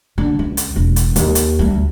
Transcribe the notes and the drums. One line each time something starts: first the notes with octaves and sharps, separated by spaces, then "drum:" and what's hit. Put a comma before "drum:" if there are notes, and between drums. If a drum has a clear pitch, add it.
D3
C#2
drum: hi-hat
E1
drum: hi-hat
D#2, drum: hi-hat
drum: hi-hat
D2 G3